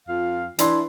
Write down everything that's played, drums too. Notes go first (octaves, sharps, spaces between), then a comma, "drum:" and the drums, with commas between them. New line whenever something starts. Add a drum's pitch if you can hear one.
F2 F4 F5
E3 D4 E4 C6, drum: hi-hat